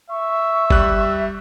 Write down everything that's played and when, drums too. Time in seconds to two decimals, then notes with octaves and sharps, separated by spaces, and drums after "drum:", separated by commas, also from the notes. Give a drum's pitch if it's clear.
0.10 E5 C#6
0.70 G3 F#6, drum: kick G1